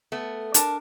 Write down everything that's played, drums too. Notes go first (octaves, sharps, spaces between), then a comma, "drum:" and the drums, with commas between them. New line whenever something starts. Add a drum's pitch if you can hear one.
A3 B3
D4 A#4 A5, drum: hi-hat